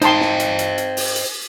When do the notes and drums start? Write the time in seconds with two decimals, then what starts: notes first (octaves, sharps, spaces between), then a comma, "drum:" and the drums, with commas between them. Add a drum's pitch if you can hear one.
0.02 D#4 C5 D#5 G5 A5 C6, drum: hi-hat
0.21 drum: snare
0.40 drum: hi-hat
0.59 drum: hi-hat
0.78 drum: hi-hat
0.97 drum: open hi-hat
1.16 drum: hi-hat